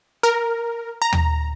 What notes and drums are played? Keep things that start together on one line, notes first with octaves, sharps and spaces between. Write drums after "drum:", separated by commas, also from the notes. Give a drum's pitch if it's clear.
A#4
A#5
drum: tom